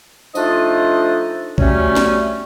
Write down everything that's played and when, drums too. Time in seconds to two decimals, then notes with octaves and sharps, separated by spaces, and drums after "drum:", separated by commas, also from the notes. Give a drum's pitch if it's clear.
0.35 F3 A3 D4 D#4 F4 D#5, drum: tambourine
1.58 F#3 G3 A3 C#4, drum: kick B1
1.96 drum: snare